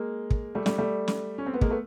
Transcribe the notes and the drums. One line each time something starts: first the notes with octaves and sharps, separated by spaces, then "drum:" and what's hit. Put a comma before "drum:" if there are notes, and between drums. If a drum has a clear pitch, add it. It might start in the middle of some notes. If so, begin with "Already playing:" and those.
Already playing: G#3 A#3
drum: kick
G3 A3
G3 A3, drum: snare
G3 A3
drum: snare
C#4
C4
B3
G#3 A#3, drum: kick
A3 B3